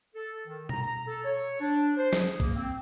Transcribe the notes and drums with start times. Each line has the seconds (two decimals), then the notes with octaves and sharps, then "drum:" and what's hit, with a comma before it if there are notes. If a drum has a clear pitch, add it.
0.15 A4
0.47 D#3
0.69 A#5, drum: tom B2
0.81 A#5
1.07 A4
1.25 C#5
1.61 D4
1.97 C5
2.13 G#4, drum: snare
2.40 A#3, drum: kick A#1
2.56 C4